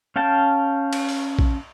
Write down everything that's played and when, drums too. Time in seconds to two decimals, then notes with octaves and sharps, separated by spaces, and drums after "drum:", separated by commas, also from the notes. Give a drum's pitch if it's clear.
0.16 C#4 F5 G5 A5
0.93 drum: cymbal
1.09 drum: open hi-hat
1.39 drum: kick A#1